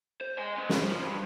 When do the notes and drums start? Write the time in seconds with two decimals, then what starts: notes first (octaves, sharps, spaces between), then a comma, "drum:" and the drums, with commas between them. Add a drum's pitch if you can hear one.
0.21 C5
0.38 D#5 G#5
0.57 C#4 B4
0.70 C#3, drum: snare
0.82 F4 C5
1.00 G2